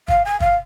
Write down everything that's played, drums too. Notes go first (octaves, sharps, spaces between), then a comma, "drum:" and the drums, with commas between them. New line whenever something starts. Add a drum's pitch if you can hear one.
F5, drum: kick
G#5
F5, drum: kick